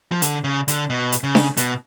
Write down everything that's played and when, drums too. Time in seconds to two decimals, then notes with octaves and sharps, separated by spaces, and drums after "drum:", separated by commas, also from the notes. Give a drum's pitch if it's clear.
0.12 F3
0.22 D3, drum: hi-hat
0.44 C#3
0.68 D3, drum: hi-hat
0.90 B2
1.12 drum: hi-hat
1.23 C#3
1.35 drum: snare D4
1.57 B2, drum: hi-hat